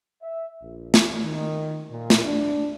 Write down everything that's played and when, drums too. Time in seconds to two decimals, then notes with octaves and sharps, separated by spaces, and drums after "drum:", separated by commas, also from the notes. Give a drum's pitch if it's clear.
0.22 E5
0.62 A#1
0.94 drum: snare
1.24 D#3
1.91 A#2
2.10 drum: snare
2.25 D4